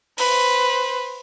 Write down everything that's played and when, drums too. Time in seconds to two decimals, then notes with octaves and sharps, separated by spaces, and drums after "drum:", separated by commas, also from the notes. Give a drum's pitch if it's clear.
0.18 B4 C5, drum: open hi-hat